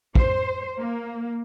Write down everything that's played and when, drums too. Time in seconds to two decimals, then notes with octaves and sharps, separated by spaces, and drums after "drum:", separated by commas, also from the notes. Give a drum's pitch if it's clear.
0.15 C5, drum: kick
0.79 A#3